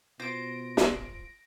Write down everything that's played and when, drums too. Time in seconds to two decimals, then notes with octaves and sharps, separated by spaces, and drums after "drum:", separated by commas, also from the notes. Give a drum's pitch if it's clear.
0.20 B2 F4 C5 A#6 D7
0.77 drum: snare